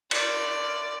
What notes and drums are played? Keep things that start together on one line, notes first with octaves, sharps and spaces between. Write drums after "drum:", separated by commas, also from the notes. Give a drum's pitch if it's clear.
D5, drum: cymbal